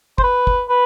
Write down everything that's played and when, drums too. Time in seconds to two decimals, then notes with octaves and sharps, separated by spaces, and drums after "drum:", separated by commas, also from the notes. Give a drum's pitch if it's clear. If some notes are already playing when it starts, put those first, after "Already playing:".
0.18 C5, drum: kick
0.23 B4
0.47 drum: kick
0.69 B4